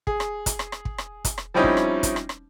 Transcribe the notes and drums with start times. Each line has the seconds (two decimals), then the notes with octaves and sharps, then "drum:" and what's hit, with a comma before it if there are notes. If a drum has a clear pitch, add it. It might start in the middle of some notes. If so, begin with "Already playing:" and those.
0.07 G#4, drum: kick
0.20 drum: rim click
0.46 drum: kick, hi-hat
0.59 drum: rim click
0.72 drum: rim click
0.85 drum: kick
0.98 drum: rim click
1.25 drum: kick, hi-hat
1.38 drum: rim click
1.54 F3 G3 C4 C#4 D#4 E4
1.64 drum: kick
1.77 drum: rim click
2.03 drum: kick, hi-hat
2.16 drum: rim click
2.29 drum: rim click